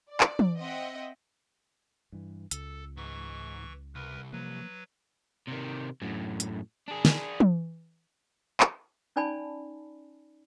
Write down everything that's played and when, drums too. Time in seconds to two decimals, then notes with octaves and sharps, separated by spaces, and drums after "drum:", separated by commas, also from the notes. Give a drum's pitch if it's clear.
0.10 D5
0.20 drum: clap
0.39 drum: tom
0.59 C4 D#5 E5 F#5 G5
2.12 G2 E3
2.51 C#2 A4, drum: hi-hat
2.97 G#2 E3 C#6
3.95 C2 A#4 B4
4.33 F3 F#3 A#3 B4
5.47 C3 D#3
6.02 F#2 A2
6.40 drum: hi-hat
6.88 D4 G#4
7.05 drum: snare
7.40 drum: tom
8.60 drum: clap
9.16 C#4 D#4 D5 G#5 A5 B5